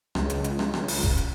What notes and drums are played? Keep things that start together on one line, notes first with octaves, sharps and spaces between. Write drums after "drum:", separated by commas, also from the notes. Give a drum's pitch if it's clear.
C#2, drum: rim click
drum: hi-hat
drum: hi-hat
drum: rim click
drum: rim click
drum: open hi-hat
drum: kick E1, hi-hat
drum: hi-hat